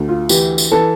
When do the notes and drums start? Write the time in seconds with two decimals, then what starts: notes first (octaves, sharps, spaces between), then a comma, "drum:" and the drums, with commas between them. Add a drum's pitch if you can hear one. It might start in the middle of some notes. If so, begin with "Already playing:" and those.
Already playing: D2
0.09 F4
0.29 E3 G4, drum: tambourine
0.58 drum: tambourine
0.72 E3 A4